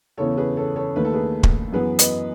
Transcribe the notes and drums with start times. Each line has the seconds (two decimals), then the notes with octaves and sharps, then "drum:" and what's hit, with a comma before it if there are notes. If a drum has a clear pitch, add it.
0.18 E2 C#3 E3 A4 C#5
0.38 G#4 B4
0.57 A4 C#5
0.76 A4 C#5
0.96 D#2 D#3 A3 B4
1.05 A4
1.14 G#4 B4
1.43 drum: kick
1.73 F#2 E3 B3 G#4 B4
1.99 B4 D#5, drum: hi-hat